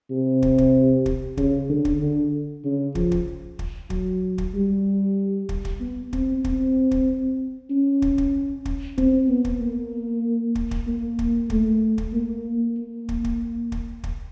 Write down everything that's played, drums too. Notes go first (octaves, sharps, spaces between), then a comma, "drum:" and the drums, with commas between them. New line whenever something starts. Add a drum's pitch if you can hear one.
C3
drum: kick
drum: kick
drum: kick
C#3, drum: kick
D3
drum: kick
D3
C#3
F3, drum: kick
drum: kick
drum: kick
F#3, drum: kick
drum: kick
G3
drum: kick
drum: kick
B3
C4, drum: kick
C4, drum: kick
drum: kick
C#4
drum: kick
drum: kick
drum: kick
C4, drum: kick
B3
drum: kick
A#3
drum: kick
drum: kick
A#3
drum: kick
A3, drum: kick
drum: kick
A#3
A#3
drum: kick
drum: kick
drum: kick
drum: kick